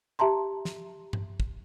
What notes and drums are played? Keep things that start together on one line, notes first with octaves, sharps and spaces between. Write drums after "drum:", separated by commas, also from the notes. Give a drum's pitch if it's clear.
G4 E5 A5 A#5 C6
drum: snare
drum: tom G2
drum: kick